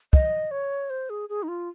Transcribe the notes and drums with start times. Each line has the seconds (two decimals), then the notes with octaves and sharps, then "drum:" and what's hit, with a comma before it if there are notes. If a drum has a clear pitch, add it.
0.13 D#5, drum: kick
0.51 C#5
0.90 C5
1.10 G#4
1.29 G#4
1.43 D#4
1.48 F4